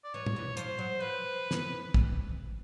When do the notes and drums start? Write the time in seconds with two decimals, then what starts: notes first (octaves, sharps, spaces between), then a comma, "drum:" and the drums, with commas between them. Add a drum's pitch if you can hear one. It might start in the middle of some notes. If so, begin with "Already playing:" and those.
0.04 D5
0.14 E3 C#5
0.26 drum: tom
0.36 E3
0.57 F3 C5, drum: hi-hat
0.79 F#3
1.00 F3 B4
1.51 drum: snare
1.94 drum: kick